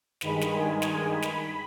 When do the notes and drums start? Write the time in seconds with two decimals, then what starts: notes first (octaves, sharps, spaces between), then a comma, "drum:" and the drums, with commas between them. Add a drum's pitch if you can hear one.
0.21 G2 D#3 G#3 B5, drum: snare
0.41 drum: snare
0.52 G#5
0.82 G#5, drum: snare
1.12 B5
1.22 drum: snare